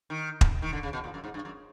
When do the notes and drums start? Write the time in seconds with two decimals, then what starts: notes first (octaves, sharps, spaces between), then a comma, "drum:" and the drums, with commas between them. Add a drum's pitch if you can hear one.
0.10 D#3
0.41 drum: kick
0.62 D#3
0.73 D3
0.83 C#3
0.93 B2
1.04 A#2
1.14 F#2
1.24 G#2
1.34 G2
1.45 F#2